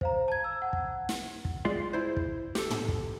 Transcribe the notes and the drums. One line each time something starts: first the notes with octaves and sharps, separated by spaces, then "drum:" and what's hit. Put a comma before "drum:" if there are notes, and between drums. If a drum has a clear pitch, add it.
C5 F5 A#5, drum: kick
A5 G#6
E6
F#5
drum: kick
drum: snare
drum: kick
G#3 F4 D5 C6
E4 C5
drum: kick
G4 A4, drum: snare
drum: tom
drum: kick